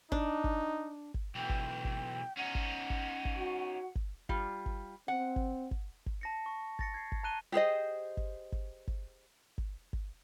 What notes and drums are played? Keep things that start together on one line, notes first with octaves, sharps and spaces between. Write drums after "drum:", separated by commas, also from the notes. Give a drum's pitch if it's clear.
D4 D#4, drum: kick G1
drum: kick G1
drum: kick G1
B1 E3 G5
drum: kick G1
drum: kick G1
C#4 D#4 F#5
drum: kick G1
drum: kick G1
drum: kick G1
F#4
drum: kick G1
G3 F4, drum: kick G1
drum: kick G1
C4 F#5
drum: kick G1
drum: kick G1
drum: kick G1
A5 A#6 C#7
C#6
A6 A#6 C#7, drum: kick G1
G#6 C7
drum: kick G1
A5 A#5 F#6 D#7 G7
G4 G#4 C5 D#5
drum: kick G1
drum: kick G1
drum: kick G1
drum: kick G1
drum: kick G1